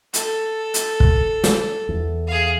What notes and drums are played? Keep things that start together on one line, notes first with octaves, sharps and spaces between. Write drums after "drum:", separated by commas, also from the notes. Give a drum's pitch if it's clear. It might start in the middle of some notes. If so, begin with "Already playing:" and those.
A4, drum: hi-hat
drum: hi-hat
drum: kick
drum: snare
E2
G#4 F5